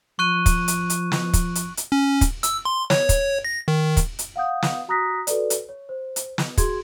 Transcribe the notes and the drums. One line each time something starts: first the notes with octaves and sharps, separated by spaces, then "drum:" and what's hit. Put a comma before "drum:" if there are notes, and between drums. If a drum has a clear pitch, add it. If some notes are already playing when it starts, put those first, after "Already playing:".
F3 C#6 F#6 D#7
drum: kick, hi-hat
drum: hi-hat
drum: hi-hat
drum: snare
drum: kick, hi-hat
drum: hi-hat
drum: hi-hat
C#4
drum: kick, hi-hat
E6, drum: hi-hat
C6
C#5, drum: snare
drum: kick, hi-hat
A#6
D#3
drum: kick, hi-hat
drum: hi-hat
F5 F#5 D#6 G6
drum: snare
F#4 A#5 D#6 F#6 A#6 B6
F#4 A4 B4 D5, drum: hi-hat
drum: hi-hat
C#5
C5
drum: hi-hat
drum: snare
F#4 G#4 C6 G#6, drum: kick, hi-hat